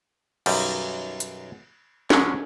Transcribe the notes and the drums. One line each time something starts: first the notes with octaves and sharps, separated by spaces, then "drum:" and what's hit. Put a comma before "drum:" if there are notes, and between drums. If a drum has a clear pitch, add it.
B1 F#2 D#3 G3, drum: cymbal
drum: hi-hat
D3 F#3 G#3 C#4 D4, drum: snare